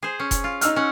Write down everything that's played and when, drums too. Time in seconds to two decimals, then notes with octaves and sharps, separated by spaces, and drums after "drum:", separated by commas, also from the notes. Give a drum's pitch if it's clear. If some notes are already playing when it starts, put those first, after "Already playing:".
0.03 G#4 C5
0.20 C#4
0.31 drum: kick F1, hi-hat
0.44 F4
0.61 D#4 E6 F6, drum: hi-hat
0.76 C#4 F#5